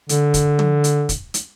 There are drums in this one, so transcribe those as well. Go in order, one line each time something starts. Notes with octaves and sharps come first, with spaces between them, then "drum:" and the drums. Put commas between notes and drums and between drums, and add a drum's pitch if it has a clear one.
D3, drum: hi-hat
drum: kick, hi-hat
drum: tom
drum: hi-hat
drum: kick, hi-hat
drum: hi-hat